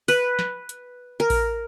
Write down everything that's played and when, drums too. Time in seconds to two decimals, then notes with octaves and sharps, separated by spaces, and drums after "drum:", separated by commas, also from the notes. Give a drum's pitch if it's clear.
0.08 B4, drum: open hi-hat
0.39 drum: snare
0.69 drum: hi-hat
1.20 A#4
1.30 drum: kick A1, open hi-hat